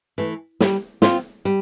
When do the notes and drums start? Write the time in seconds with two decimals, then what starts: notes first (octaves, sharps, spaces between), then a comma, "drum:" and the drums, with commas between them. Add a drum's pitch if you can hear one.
0.18 E3 A3
0.60 G3, drum: snare
1.02 C4 F4, drum: snare
1.45 G3